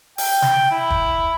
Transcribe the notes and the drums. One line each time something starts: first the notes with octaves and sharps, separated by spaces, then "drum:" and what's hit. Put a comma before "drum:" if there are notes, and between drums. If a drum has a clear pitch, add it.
G5, drum: open hi-hat
drum: snare
E4
drum: kick